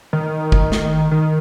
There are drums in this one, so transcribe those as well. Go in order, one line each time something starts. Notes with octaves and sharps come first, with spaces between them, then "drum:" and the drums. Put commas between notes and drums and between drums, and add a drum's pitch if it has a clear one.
D#3
drum: kick G1
drum: snare
D#3